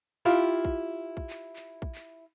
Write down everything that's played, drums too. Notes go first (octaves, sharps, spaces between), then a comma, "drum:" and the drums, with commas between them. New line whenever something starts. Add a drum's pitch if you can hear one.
E4 F4 G4
drum: kick
drum: kick
drum: clap
drum: clap
drum: kick
drum: clap